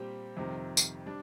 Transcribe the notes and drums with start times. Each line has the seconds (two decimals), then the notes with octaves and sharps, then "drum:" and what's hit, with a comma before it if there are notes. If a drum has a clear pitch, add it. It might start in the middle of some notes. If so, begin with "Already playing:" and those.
Already playing: A#2 G3 C4 G4
0.37 F2 C3 D#3 G3
0.77 drum: tambourine
1.06 G3 D4